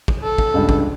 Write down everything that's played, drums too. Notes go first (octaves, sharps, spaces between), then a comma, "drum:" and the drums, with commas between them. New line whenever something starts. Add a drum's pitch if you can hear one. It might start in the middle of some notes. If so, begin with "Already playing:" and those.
drum: kick
A4
drum: kick
C#2 G2
drum: kick